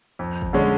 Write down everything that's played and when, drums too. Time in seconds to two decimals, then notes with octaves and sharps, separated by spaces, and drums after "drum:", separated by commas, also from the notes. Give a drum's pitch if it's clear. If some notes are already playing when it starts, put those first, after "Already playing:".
0.19 F2
0.42 drum: kick G#1
0.53 D3 G#3 C#4